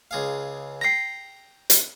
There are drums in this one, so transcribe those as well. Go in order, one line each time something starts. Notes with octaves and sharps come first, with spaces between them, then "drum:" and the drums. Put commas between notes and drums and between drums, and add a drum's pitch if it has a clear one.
C#2 G#4 F5
G5 A#5 A#6 C7
drum: hi-hat